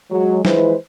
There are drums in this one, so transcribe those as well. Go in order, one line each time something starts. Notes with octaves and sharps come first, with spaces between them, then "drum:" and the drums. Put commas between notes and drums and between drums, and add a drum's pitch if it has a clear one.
F#3 G#3
E3 F3 G#3 E4 B4 C5, drum: snare